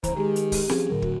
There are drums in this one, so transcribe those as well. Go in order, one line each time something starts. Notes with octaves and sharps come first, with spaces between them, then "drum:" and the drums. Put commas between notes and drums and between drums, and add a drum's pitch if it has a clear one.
C#2 E3 C5 A#5, drum: kick, hi-hat
D#3 G#3 G4 G#4
drum: hi-hat
drum: kick, open hi-hat
F3 C4 C#4 G#4, drum: snare C4
A2 D3 F#3 A#4
F#4, drum: kick